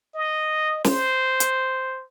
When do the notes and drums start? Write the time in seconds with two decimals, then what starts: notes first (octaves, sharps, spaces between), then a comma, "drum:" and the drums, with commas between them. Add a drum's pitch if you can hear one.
0.15 D#5
0.84 C5, drum: snare
1.40 drum: hi-hat